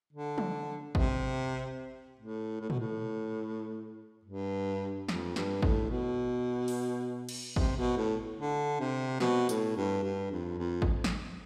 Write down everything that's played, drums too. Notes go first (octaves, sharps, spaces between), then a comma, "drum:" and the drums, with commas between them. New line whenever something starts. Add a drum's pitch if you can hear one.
D3
drum: tom
C3, drum: kick G#1
A2
A2
B2, drum: tom
A2
G2
F2, drum: snare
G2, drum: snare
A2, drum: kick G#1
B2
drum: open hi-hat
drum: cymbal
C3, drum: kick G#1
B2
A2
D3
C3
B2, drum: snare
A2, drum: tambourine
G2
G2
F2
F2
drum: kick G#1
drum: snare